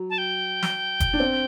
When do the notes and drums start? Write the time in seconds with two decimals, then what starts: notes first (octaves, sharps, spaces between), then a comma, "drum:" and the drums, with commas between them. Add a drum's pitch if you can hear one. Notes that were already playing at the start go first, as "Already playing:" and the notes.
Already playing: F#3
0.10 A5
0.18 G5
0.63 drum: snare
1.00 drum: kick F1, hi-hat
1.13 D4
1.20 C4